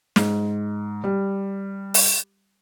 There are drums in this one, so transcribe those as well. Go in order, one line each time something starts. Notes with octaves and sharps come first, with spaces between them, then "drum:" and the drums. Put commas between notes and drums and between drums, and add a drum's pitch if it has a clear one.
G#2, drum: snare
G3
drum: open hi-hat